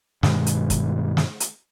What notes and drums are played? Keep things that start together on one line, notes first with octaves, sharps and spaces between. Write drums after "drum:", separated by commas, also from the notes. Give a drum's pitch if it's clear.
G2 B2 D#3 G#3, drum: snare
drum: hi-hat
drum: kick, hi-hat
drum: snare
drum: hi-hat